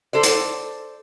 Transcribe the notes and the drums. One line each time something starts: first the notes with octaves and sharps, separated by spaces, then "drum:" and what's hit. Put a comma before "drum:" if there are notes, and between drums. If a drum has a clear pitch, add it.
A4 C5 D5
drum: hi-hat